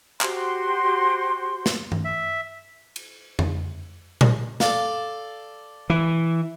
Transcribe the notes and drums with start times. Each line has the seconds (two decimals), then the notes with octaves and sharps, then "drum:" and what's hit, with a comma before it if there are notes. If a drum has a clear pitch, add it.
0.21 F#4 G4 C5 C6, drum: clap
1.66 drum: snare
1.92 drum: tom
2.05 E5
2.96 drum: cymbal
3.39 drum: tom F2
4.21 drum: tom A#2
4.60 A4 D5 F5, drum: snare
5.90 E3